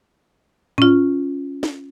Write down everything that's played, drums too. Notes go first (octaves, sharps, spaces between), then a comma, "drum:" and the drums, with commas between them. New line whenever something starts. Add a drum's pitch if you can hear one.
C#4 F4, drum: tom G#2
drum: snare